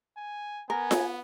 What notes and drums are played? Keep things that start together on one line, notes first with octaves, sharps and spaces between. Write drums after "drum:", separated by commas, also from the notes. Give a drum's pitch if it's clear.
G#5
B3 A#4 G#5
drum: snare F4